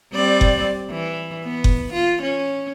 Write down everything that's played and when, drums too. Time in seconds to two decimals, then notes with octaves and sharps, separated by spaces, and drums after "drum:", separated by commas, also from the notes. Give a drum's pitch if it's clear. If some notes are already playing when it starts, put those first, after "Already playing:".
0.13 G3 C4 D5
0.41 drum: kick F#1
0.90 E3
1.44 B3
1.64 drum: kick F#1
1.93 F4
2.22 C#4